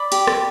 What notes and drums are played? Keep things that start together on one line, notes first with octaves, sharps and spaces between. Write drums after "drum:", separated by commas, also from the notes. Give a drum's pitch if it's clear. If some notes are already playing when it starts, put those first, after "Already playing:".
Already playing: D5 B5 D6
G4, drum: hi-hat
drum: rim click